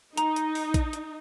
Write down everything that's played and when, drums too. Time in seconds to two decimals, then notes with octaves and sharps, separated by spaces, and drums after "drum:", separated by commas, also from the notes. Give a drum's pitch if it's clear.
0.17 D#4 A#5, drum: hi-hat
0.36 drum: hi-hat
0.55 drum: open hi-hat
0.74 drum: kick A#1, hi-hat
0.93 drum: hi-hat